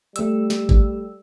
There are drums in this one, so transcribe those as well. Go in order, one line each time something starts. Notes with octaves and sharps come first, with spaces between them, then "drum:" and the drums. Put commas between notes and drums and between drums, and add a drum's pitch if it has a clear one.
G3 A3 E6, drum: hi-hat
drum: snare
drum: kick G1